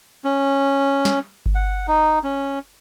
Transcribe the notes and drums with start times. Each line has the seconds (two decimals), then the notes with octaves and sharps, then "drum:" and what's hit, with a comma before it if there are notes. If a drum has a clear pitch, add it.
0.25 C#4
1.05 drum: snare
1.46 drum: kick G1
1.55 F#5
1.88 D#4
2.24 C#4